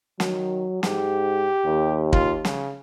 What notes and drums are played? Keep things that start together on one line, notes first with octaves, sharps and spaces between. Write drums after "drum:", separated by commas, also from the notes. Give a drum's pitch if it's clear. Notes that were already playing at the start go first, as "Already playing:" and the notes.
D#3 F#3, drum: snare
G#2 G4, drum: snare
D#2
F4, drum: kick
C#3, drum: snare